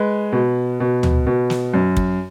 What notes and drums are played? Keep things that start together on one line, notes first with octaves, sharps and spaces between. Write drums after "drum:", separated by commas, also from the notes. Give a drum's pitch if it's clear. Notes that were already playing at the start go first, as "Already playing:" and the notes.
Already playing: G#3 B4
B2
B2
drum: tom
B2
drum: snare
F#2
drum: kick